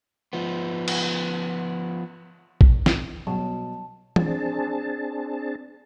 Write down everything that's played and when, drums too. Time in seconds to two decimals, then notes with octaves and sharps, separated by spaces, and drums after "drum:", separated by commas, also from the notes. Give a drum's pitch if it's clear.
0.33 F3 B3
0.88 drum: cymbal
2.61 drum: kick
2.86 drum: snare
3.27 B2 F#3 G3 A5
4.16 C4 D4 G#4 A5, drum: tom